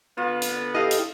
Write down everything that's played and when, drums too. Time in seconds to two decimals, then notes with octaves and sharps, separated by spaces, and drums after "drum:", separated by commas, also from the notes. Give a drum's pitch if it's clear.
0.17 D3 B3 F4
0.42 drum: hi-hat
0.75 E4 G4 A4 D#5 F5
0.91 drum: hi-hat